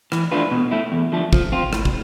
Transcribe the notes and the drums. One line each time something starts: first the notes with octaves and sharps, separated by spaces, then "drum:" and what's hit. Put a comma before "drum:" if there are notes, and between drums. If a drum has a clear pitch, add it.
E3, drum: rim click
A3 D4 F4 B4
B2
A3 E4
E2
D3 F3 A3
F3, drum: kick
C4 F4
A2, drum: rim click
drum: kick